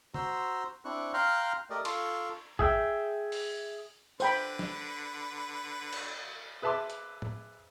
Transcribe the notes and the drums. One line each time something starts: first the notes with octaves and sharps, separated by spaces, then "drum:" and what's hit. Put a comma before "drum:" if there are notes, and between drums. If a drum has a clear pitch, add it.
F#4 C5 A#5 C6 E6, drum: tom
C4 D4 E4 C#6 F#6
F5 G5 A#5 C6 F6 F#6
A3 G4 A#4 D5 D#5
F4 A4 C6 C#6, drum: cymbal
G#4 E5 G5, drum: kick
drum: open hi-hat
D3 B4 C5 G5 B5, drum: tambourine
drum: snare
drum: cymbal
G#4 B4 E5 A5 C6 D6
drum: hi-hat
drum: tom A2